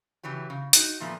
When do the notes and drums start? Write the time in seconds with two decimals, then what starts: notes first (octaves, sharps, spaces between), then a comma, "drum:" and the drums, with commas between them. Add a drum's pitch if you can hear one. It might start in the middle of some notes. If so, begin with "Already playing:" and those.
0.23 C#3 E3 F#3 G4
0.50 C#3
0.73 D#4 F#4, drum: hi-hat
1.00 A#2 F3 A3 B3